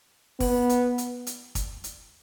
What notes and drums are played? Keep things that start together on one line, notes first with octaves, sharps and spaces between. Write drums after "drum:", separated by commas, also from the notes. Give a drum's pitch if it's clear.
B3, drum: kick, open hi-hat
drum: hi-hat
drum: hi-hat
drum: hi-hat
drum: kick, hi-hat
drum: hi-hat